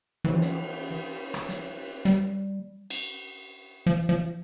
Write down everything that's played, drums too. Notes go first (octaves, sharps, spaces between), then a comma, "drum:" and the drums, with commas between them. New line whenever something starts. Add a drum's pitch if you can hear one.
E3, drum: cymbal
F3
E3, drum: snare
drum: rim click
drum: snare
G3, drum: snare
drum: cymbal
F3
F3